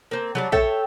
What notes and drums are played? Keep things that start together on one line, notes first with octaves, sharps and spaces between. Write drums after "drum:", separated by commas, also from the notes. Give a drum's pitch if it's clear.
A#3 C4
F#3 G3 D4
A4 C#5 E5 G5, drum: kick